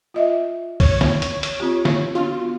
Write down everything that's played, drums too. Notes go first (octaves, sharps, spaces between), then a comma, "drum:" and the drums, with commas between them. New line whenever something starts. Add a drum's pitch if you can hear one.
F4 D#5 E5
C#5, drum: kick, open hi-hat
drum: snare
drum: hi-hat
drum: hi-hat
C4 F4 G4
drum: snare
B3 D4 F4 F#4